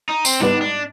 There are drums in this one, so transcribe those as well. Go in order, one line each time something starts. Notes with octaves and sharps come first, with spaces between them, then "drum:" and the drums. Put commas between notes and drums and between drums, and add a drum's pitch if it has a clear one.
D#4
C4, drum: tambourine
G#2 G3 B3 D4
D4